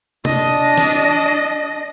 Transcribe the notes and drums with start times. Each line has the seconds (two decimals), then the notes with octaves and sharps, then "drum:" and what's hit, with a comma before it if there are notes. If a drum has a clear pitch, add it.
0.25 D4 D#5, drum: tom C3
0.77 drum: snare